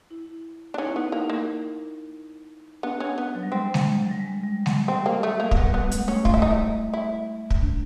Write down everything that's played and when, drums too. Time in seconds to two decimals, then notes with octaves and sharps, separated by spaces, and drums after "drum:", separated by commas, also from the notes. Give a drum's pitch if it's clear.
0.11 E4
0.74 D4
0.78 C#4 D#4
0.88 E4
0.96 B3 D#4
1.12 A#3
1.30 A#3
2.83 B3 D4
3.00 C#4
3.18 B3
3.35 F#3
3.43 G3
3.52 G#3 C4
3.74 drum: snare G#3
4.02 F#3
4.11 G3
4.20 G#3
4.43 G3
4.66 F#3, drum: snare G#3
4.88 C4
5.06 A#3
5.23 A3
5.40 A#3
5.51 A#3, drum: kick
5.57 G3 B3
5.74 G#3 B3
5.91 A3, drum: hi-hat
6.08 A3 C#4
6.25 F4, drum: kick
6.34 E4
6.42 D#4
6.51 E4
6.94 E4
7.50 drum: kick
7.62 D4